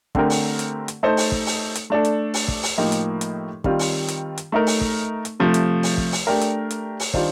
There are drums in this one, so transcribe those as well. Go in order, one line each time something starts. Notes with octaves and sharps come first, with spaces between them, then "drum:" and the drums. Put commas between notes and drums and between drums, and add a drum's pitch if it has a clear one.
D3 A3 C4 G4 A#4, drum: kick
drum: open hi-hat
drum: hi-hat
drum: hi-hat
A3 D#4 A4 C5
drum: open hi-hat
drum: kick
drum: open hi-hat
drum: hi-hat
A3 D4 A4
drum: hi-hat
drum: open hi-hat
drum: kick
drum: open hi-hat
A2 F3 A#3 D#4 G4
drum: hi-hat
drum: hi-hat
D#3 G3 C4 F4, drum: kick
drum: open hi-hat
drum: hi-hat
drum: hi-hat
A3 D#4 A#4
drum: open hi-hat
drum: kick
drum: hi-hat
C3 F3 A3
drum: hi-hat
drum: open hi-hat
drum: kick
drum: open hi-hat
A3 D4 G4 A#4
drum: hi-hat
drum: hi-hat
drum: open hi-hat
D#3 G3 D4 F4 C5, drum: kick